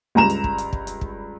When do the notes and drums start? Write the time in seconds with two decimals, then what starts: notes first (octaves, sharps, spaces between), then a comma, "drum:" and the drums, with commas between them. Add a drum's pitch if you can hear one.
0.15 C#2 G2 A#5 E7
0.30 drum: hi-hat
0.44 drum: kick
0.58 drum: hi-hat
0.73 drum: kick
0.87 drum: hi-hat
1.01 drum: kick